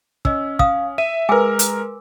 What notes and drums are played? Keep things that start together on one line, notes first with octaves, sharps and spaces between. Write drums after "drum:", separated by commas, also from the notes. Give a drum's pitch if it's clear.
C#4 D#5 E6, drum: kick
F5 D#6, drum: kick
E5 D#7
G#3 A#4 B4 G#5 D6 E6
drum: hi-hat